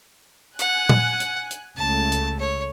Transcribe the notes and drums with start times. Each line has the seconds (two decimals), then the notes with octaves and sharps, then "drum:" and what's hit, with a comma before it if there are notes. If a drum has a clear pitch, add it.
0.59 F#5 G#5 F#6, drum: hi-hat
0.89 drum: tom A#2
1.20 drum: hi-hat
1.51 drum: hi-hat
1.76 C#2 C#3 A3 A5
2.12 drum: hi-hat
2.39 C#5